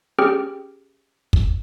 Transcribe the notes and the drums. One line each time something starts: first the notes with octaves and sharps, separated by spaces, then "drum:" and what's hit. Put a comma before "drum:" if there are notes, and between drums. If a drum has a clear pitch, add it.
C#4 G4 G#4 G5 F6
drum: kick